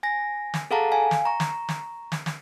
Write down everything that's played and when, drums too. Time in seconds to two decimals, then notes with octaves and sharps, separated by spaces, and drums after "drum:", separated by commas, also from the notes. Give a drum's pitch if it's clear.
0.03 G#5 A#6
0.54 drum: snare
0.71 G#4 A4 F5 F#5 A5 A#5
0.92 F5 G#5
1.11 drum: snare
1.25 A#5 C#6
1.40 drum: snare
1.69 drum: snare
2.12 drum: snare
2.26 drum: snare